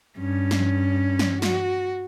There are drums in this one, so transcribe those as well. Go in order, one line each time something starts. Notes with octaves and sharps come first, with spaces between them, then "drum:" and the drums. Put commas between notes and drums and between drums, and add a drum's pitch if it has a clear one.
G2 C#4
drum: snare
drum: snare
F#4, drum: snare